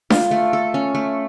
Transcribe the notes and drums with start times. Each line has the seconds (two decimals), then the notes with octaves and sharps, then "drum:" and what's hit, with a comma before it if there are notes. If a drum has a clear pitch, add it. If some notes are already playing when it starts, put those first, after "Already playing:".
0.10 F4, drum: snare D4
0.31 A3
0.53 A4
0.74 C#4
0.95 A3